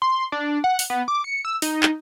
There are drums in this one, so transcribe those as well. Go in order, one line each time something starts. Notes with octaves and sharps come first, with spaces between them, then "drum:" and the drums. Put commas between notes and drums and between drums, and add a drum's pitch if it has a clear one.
C6
D4
F#5
drum: open hi-hat
B3
D6
C#7
E6
D#4, drum: open hi-hat
drum: clap